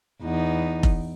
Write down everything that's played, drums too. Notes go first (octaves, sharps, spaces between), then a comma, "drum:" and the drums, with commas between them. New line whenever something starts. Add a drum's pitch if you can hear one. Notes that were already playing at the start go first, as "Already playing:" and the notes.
E2 B3 D#4
drum: kick F1